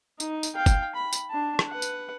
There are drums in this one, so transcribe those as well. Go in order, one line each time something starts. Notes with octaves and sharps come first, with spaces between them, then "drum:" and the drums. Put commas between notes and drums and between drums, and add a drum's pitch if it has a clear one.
D#4, drum: tambourine
drum: tambourine
F5 G5
drum: kick G1, tambourine
B5
drum: tambourine
D4 A5
drum: rim click
B4 F#5
drum: tambourine